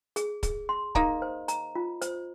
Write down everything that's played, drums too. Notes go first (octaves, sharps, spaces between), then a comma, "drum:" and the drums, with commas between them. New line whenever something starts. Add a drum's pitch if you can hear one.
G#4, drum: hi-hat
G#4, drum: kick C#1, hi-hat
C6
A#3 D#4 A#5, drum: kick C#1
C5
A#5, drum: hi-hat
F4
C5, drum: hi-hat